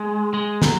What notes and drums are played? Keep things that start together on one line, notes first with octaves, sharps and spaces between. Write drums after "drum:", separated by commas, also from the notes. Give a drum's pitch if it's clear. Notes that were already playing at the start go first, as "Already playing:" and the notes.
Already playing: G#3
G#3
F#3, drum: snare